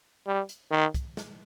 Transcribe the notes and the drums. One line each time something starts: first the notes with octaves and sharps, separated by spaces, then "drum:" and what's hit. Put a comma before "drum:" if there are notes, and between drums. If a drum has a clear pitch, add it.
G3
drum: hi-hat
D#3
drum: kick C2, hi-hat
drum: snare